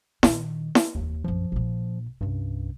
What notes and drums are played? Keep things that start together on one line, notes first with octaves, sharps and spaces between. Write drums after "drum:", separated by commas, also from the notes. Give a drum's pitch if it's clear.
A#2 D#3, drum: snare E4
drum: snare E4
F1 D#2 E3
A#1 F#2 F3
A#1 A#2
C2 G2 C#4